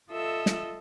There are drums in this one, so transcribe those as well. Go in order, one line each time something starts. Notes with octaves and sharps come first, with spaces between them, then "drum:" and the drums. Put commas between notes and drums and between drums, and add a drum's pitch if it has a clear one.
F4 A4 D#5 E5 E6
drum: snare